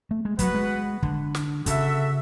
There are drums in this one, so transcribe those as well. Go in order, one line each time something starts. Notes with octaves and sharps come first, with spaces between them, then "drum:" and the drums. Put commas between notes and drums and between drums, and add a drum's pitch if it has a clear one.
A3
G#3
F#3 B3 F#4 B4 F#5, drum: kick, hi-hat
G#3
D3, drum: kick
drum: snare
C#3 F#4 A4 E5, drum: kick, hi-hat